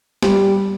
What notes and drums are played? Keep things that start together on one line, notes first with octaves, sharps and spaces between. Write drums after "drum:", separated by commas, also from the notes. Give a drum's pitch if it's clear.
G3, drum: snare A#3